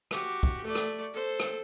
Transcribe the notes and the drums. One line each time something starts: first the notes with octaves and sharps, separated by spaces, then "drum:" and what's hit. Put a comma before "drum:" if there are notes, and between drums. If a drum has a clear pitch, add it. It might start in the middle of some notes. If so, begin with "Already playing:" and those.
F#4 G4, drum: rim click
drum: kick
A3 D5
drum: rim click
A4 C5
drum: rim click